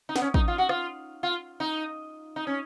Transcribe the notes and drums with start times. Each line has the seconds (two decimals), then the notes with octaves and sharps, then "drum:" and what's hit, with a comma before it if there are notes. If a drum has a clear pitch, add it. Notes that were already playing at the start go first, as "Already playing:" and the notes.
0.09 D#4
0.16 B3, drum: snare
0.22 C#4
0.34 D#4, drum: kick
0.48 F4
0.58 F#4
0.69 F4, drum: rim click
1.23 F4
1.60 D#4
2.36 D#4
2.47 C#4